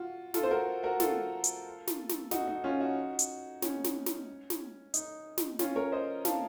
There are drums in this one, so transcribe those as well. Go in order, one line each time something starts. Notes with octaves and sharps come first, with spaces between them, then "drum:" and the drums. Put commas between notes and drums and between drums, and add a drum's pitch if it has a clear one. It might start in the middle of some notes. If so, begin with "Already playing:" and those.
Already playing: F4 F#4
F4 A4, drum: snare
C5
F#4 A#4
F#4 A#4
F4 A4, drum: snare
drum: hi-hat
drum: snare
drum: snare
D#4 F#4, drum: snare
D#4
C#4 F4
D#4 F#4
drum: hi-hat
C#4, drum: snare
drum: snare
drum: snare
drum: snare
D#4, drum: hi-hat
drum: snare
C#4 F4, drum: snare
A#4 C#5
C5 D#5
F5 A5, drum: snare